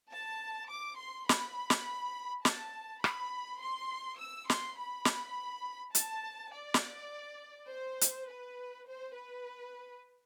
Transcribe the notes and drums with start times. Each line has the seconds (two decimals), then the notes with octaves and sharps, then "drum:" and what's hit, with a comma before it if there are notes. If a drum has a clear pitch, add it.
0.12 A5
0.71 D6
1.00 C6
1.29 B5, drum: snare
1.70 drum: snare
2.45 A5, drum: snare
3.04 B5, drum: rim click
3.61 C6
4.20 E6
4.50 C6, drum: snare
4.78 B5
5.05 drum: snare
5.95 A5, drum: hi-hat
6.53 D5
6.74 drum: snare
7.70 C5
8.01 drum: hi-hat
8.29 B4
8.87 C5
9.15 B4